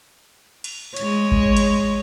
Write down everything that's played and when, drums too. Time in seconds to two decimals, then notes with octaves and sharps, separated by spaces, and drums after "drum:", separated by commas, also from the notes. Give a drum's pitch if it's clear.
0.64 drum: cymbal
0.96 G#3 C#5, drum: hi-hat
1.32 drum: kick G#1
1.57 drum: cymbal